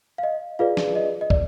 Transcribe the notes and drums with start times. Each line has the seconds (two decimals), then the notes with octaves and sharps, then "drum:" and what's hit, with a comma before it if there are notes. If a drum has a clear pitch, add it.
0.18 F5
0.23 D#5
0.59 F4 G#4 B4 D5 F5
0.77 drum: snare
0.95 D#5
1.21 D#5
1.30 D5, drum: kick